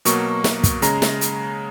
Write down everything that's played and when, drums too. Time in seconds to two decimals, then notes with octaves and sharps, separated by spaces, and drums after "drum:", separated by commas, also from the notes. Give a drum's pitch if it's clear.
0.05 B2 F#3 A#3 C#6, drum: hi-hat
0.44 drum: snare
0.63 drum: kick, hi-hat
0.82 C#3 G#3 A#5, drum: hi-hat
1.02 drum: snare
1.21 drum: hi-hat